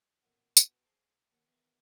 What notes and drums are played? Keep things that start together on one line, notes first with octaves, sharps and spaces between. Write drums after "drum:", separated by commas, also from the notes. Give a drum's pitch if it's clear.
A1 A#2 B3
B2, drum: tambourine
G#4 A4 C5 G5
D#2 F#5
E2 D#3